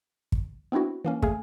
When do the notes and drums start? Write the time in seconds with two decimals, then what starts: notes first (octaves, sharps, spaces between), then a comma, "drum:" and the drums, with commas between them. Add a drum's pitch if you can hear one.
0.32 drum: kick
0.72 B3 C4 D4 E4 F#4
1.05 E3 A#3 C#4
1.22 A3 G#4 F5 G#5, drum: kick